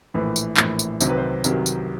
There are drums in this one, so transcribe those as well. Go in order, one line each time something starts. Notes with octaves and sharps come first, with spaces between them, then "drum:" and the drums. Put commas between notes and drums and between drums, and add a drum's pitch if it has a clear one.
A#1 A2 E3 B4
drum: tambourine
A#1 A2 E3, drum: clap
drum: tambourine
C2 C3 D#3 F#3 C5, drum: tambourine
B4
C5
C2 C3 D#3 F#3 A#4, drum: tambourine
drum: tambourine